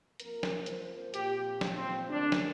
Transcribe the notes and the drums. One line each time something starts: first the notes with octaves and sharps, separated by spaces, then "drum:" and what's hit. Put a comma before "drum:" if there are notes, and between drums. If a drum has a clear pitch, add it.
F2 F3 A#3 A#4, drum: hi-hat
drum: snare
C5, drum: hi-hat
A#2 F3 C4 G4, drum: hi-hat
drum: snare
C4
D2 C3 A#3 D4
drum: snare